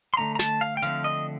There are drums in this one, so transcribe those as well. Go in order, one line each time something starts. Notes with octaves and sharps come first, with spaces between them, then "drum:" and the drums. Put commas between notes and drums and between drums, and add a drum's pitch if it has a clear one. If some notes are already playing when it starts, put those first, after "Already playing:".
C6
D3 A3 C4 A#5
A#5
A5, drum: snare
F5
G5
D3 F3 A3 C4 F5, drum: hi-hat
D#5